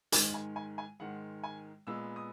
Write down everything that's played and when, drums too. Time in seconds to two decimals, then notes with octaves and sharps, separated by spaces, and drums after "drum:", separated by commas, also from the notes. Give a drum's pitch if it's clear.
0.12 G#2 D#3 G#3 G#5, drum: hi-hat
0.34 G#5
0.56 G#5
0.78 G#5
1.00 G#2 D#3 G#3 F#5
1.44 G#5
1.87 A#2 G#3 B3 E6
2.16 D#6